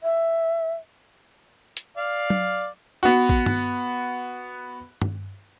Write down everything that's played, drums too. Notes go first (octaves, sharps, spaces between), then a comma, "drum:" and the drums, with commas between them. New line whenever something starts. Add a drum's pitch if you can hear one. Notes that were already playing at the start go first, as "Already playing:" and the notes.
E5
drum: hi-hat
D5 F5
drum: tom F#3
B3 F#4
drum: kick A1
drum: tom G2
drum: tom G2